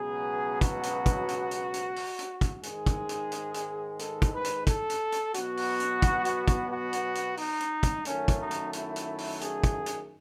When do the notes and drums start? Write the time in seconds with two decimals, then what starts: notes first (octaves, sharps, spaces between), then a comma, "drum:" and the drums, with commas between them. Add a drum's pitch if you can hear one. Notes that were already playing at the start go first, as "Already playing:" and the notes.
Already playing: C#2 B2 F#3 B3 G#4
0.61 F#4, drum: kick, hi-hat
0.83 drum: hi-hat
1.06 drum: kick, hi-hat
1.28 drum: hi-hat
1.51 drum: hi-hat
1.74 drum: hi-hat
1.96 drum: open hi-hat
2.19 drum: hi-hat
2.41 drum: kick, hi-hat
2.63 G#2 D#3 G#3 G#4, drum: hi-hat
2.86 drum: kick, hi-hat
3.09 drum: hi-hat
3.32 drum: hi-hat
3.54 drum: hi-hat
3.99 A4, drum: hi-hat
4.22 drum: kick, hi-hat
4.33 B4
4.44 drum: hi-hat
4.67 A4, drum: kick, hi-hat
4.90 drum: hi-hat
5.12 drum: hi-hat
5.34 B2 F#3 B3 F#4, drum: hi-hat
5.57 drum: open hi-hat
5.80 drum: hi-hat
6.02 drum: kick, hi-hat
6.25 drum: hi-hat
6.48 drum: kick, hi-hat
6.70 F#4
6.93 drum: hi-hat
7.15 drum: hi-hat
7.37 D#4, drum: open hi-hat
7.60 drum: hi-hat
7.83 drum: kick, hi-hat
8.05 F#2 D#3 A3 C#4, drum: hi-hat
8.28 drum: kick, hi-hat
8.39 D#4
8.51 drum: hi-hat
8.73 E4, drum: hi-hat
8.96 drum: hi-hat
9.18 drum: open hi-hat
9.41 G#4, drum: hi-hat
9.64 drum: kick, hi-hat
9.86 drum: hi-hat